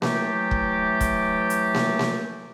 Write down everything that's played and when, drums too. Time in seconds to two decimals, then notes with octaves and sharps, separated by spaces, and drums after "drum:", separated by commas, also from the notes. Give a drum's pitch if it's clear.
0.02 E3 F#3 A3 G4, drum: snare A#3
0.51 drum: kick
1.01 drum: kick, hi-hat
1.50 drum: hi-hat
1.75 drum: snare A#3
1.99 drum: snare A#3